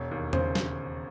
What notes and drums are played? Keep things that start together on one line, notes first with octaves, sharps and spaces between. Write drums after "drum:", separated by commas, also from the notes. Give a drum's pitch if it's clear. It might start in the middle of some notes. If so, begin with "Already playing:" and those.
Already playing: E1 C#5
D#2
C#3 C5, drum: tom E2
drum: snare